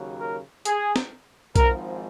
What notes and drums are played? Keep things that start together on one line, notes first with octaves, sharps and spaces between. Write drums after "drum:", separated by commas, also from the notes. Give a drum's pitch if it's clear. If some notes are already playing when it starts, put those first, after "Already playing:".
Already playing: D#2 C#3 F#3
A#4
G#4, drum: hi-hat
drum: snare
G#1 G#2 F3 A#4, drum: kick B1, hi-hat